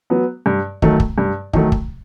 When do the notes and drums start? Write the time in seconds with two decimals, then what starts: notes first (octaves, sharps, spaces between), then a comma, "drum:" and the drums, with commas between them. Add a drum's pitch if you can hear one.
0.10 F#3 B3
0.46 G2
0.82 D#3 F#3 A3, drum: kick
1.00 drum: kick
1.18 G2
1.53 D#3 F#3 A3, drum: kick
1.72 drum: kick